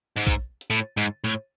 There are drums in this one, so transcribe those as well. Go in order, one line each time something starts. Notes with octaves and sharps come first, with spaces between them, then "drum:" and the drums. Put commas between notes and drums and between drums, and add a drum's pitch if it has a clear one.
G#2
drum: kick
drum: hi-hat
A2
G#2
A2